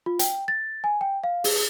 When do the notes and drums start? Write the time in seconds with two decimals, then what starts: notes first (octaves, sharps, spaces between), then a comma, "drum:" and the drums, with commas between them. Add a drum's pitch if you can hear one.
0.06 F4
0.19 G5, drum: hi-hat
0.48 A6
0.84 G#5
1.01 G5
1.24 F5
1.44 G#4, drum: open hi-hat